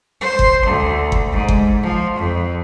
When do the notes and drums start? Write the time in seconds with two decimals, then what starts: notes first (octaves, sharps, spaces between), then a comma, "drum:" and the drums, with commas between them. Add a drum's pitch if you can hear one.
0.21 C5
0.39 drum: kick G1
0.67 D2
1.12 drum: kick G1
1.31 G#2
1.48 drum: kick G1
1.82 F3
2.16 F2